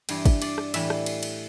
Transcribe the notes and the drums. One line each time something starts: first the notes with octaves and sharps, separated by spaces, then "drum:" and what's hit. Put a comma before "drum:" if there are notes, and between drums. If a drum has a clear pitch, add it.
G2 E3 G3 G5, drum: cymbal
drum: kick G#1, cymbal
D5, drum: cymbal
drum: rim click
A2 E3 G3 E5, drum: cymbal
drum: rim click
drum: cymbal
drum: cymbal